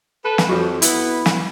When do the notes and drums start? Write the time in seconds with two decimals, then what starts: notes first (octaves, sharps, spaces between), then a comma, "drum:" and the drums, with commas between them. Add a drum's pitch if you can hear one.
0.24 A4 B4
0.38 drum: snare
0.49 F2 F3 F#4
0.82 B3 E4, drum: hi-hat
1.26 drum: snare